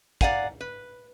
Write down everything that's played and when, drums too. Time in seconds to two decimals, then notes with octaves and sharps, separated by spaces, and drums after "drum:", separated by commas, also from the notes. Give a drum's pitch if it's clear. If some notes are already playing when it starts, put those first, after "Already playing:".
0.21 D5 D#5 F5 F#5 G#5 A#5, drum: kick
0.61 B4